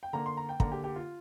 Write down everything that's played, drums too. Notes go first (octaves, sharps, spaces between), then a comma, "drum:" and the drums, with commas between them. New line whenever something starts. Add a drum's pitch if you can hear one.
G5
D3 A#3 A#5
C6
A#5
G5
D3 A#3 A#5, drum: kick
G4
G4
F4